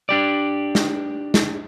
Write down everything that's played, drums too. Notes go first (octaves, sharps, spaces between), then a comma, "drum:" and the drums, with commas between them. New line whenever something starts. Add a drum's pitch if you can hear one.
D4 G4 D5
drum: snare
drum: snare